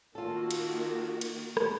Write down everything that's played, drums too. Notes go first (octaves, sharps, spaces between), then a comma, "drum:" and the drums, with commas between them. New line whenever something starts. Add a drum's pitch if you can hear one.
D#3 A#3 F4 F#4 A4
drum: cymbal
drum: cymbal
drum: rim click